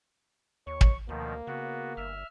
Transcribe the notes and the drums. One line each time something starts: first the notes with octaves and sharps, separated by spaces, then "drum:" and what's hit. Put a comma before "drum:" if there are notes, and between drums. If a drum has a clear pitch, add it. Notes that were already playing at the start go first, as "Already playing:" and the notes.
D#2 C#5 C#6
drum: kick
D2 B2 D#3 F3 A#3
C#3 B3 F#4
G1 E5 F6